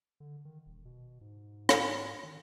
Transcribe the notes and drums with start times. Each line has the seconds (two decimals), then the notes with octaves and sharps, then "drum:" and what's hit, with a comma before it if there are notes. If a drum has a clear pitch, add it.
0.20 D3
0.45 D#3
0.66 D#1
0.85 B2
1.21 G#2
1.69 drum: rim click
2.23 D#3